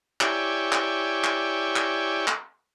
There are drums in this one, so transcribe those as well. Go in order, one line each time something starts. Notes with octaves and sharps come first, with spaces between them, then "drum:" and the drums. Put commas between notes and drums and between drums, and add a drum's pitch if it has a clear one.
E4 G4 C#5 D5 G5 G#5, drum: clap
drum: clap
drum: clap
drum: clap
drum: clap